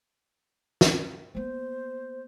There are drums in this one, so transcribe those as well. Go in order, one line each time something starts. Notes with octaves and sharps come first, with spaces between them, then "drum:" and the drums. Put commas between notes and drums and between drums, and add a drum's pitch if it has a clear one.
drum: snare
A#3 B3 C5